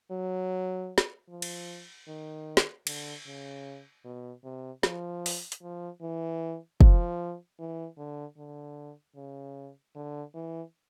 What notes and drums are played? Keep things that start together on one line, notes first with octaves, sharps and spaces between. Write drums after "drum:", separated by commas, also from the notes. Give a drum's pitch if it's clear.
F#3
drum: snare
F3
drum: cymbal
D#3
drum: snare
D3, drum: cymbal
C#3
B2
C3
F3, drum: snare
drum: open hi-hat
drum: hi-hat
F3
E3
F3, drum: kick
E3
D3
D3
C#3
D3
E3